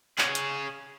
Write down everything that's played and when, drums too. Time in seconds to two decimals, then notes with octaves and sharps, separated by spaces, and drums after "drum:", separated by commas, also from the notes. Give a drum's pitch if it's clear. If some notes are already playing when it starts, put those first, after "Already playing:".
0.18 G#4 C#5, drum: clap
0.35 drum: hi-hat